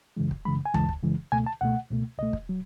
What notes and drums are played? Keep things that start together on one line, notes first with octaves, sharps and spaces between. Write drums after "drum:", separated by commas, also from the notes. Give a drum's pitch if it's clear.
F#2 C#3 E3 G#3
drum: kick
F#2 C#3 E3 G#3 B5
G#5
F#2 C#3 E3 G#3 A5, drum: tom D2
drum: kick
F#2 C#3 E3 G#3
C#2 B2 A3 G#5
A5
C#2 B2 A3 F#5
C#2 B2 A3
C#2 B2 A3 D#5
drum: kick
F#3